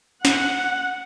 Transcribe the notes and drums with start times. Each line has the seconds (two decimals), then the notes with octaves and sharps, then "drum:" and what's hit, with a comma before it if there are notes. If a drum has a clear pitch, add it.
0.25 F#5, drum: snare